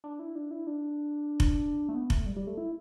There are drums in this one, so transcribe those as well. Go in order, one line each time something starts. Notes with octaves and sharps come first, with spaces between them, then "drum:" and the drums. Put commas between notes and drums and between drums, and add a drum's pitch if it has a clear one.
D4
E4
D4
E4
D4
drum: kick F1
A3
B3
A3, drum: kick F1
G3
G3
A3
E4